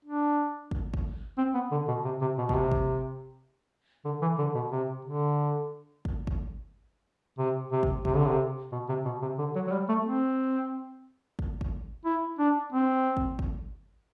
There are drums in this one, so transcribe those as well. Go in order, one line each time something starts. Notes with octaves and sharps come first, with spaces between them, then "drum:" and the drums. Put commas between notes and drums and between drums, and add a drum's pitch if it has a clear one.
D4
drum: kick
drum: kick
C4
B3
D3
B2
C3
C3
B2
B2, drum: kick
C3
drum: kick
D3
E3
D3
B2
C3
D3
drum: kick
drum: kick
C3
C3
drum: kick
C3, drum: kick
D3
C3
B2
C3
B2
C3
D3
F#3
F#3
G3
A3
C4
drum: kick
drum: kick
E4
D4
C4
drum: kick
drum: kick